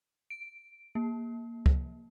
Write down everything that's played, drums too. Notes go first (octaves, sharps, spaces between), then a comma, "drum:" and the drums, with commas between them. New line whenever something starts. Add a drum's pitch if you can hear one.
D7
A#3
drum: kick